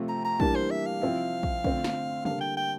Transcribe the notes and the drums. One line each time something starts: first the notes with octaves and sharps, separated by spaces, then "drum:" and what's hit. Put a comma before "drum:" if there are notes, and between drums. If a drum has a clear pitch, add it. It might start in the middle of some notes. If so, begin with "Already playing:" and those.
Already playing: C3 F3 A3 C4 F4
A#5
A#5
E3 G3 A#3 D4 A5, drum: kick
C5
E5
F5
C3 F3 C4 E4
drum: kick
D3 A3 C4 F4, drum: kick
drum: snare
D3 G3 A#3 D4 F5, drum: tom
G5
G5